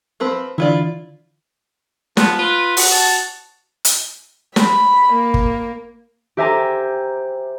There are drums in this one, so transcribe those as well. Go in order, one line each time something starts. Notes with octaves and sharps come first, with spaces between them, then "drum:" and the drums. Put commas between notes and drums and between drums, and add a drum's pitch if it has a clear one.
F3 C4 B4
D3 E3 E4 F4 D5
F3 B3, drum: snare
F4 B4
F#4, drum: open hi-hat
A5
drum: hi-hat
B5, drum: snare
A#3
drum: kick
G4 C5 E5 G#5 A#5 D6